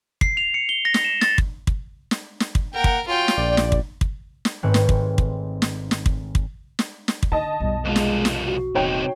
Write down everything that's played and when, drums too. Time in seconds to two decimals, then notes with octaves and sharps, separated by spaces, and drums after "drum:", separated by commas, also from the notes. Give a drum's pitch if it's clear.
0.21 C7, drum: kick
0.37 F7
0.54 C#7
0.69 G7
0.85 A#6
0.94 drum: snare
1.04 E7
1.21 A6, drum: snare
1.38 drum: kick
1.67 drum: kick
2.11 drum: snare
2.40 drum: snare
2.55 drum: kick
2.74 A#3 A#4 F#5 G5
2.84 drum: kick
3.07 F#3 C#4 F4 G5
3.28 drum: snare
3.37 A#1 D5
3.57 drum: snare
3.72 drum: kick
4.01 drum: kick
4.45 drum: snare
4.63 G#1 G#2 A3 C4 B4 C#5
4.74 drum: snare
4.89 drum: kick
5.18 drum: kick
5.62 drum: snare
5.91 drum: snare
6.06 drum: kick
6.35 drum: kick
6.79 drum: snare
7.08 drum: snare
7.23 drum: kick
7.32 D3 D#5 A5
7.60 B1 F2 G3
7.85 C2 G#3 F4
7.96 drum: snare
8.25 drum: snare
8.46 F#4
8.75 D#1 E2 C3 D#4 C#5 G5